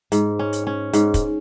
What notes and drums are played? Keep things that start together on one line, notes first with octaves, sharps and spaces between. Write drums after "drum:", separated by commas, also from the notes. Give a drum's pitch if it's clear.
G#2, drum: hi-hat
C#4
drum: hi-hat
C#4
G#2, drum: hi-hat
drum: kick, hi-hat